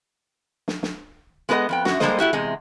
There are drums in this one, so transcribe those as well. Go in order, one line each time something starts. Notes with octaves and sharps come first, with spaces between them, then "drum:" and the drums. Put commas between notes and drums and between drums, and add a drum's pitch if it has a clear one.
drum: snare
drum: snare
G#3 B3 F#4 B4 D#5 F#5
F2 B3 G5
F#2 F#4, drum: snare
G3 G#3 A#3 A4 C5 D#5, drum: snare
A3 E4 F#4 G4
E2 C3 G#3